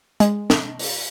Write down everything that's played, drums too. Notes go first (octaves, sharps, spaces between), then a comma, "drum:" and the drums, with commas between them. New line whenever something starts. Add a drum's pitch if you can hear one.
G#3, drum: hi-hat
drum: snare
drum: open hi-hat